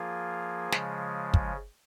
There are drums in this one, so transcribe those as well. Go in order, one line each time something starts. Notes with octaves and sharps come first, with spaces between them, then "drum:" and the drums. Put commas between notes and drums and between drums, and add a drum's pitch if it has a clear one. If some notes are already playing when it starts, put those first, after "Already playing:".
Already playing: F3 A#3 F4 G#4
C#3 F3 G#3, drum: snare
drum: kick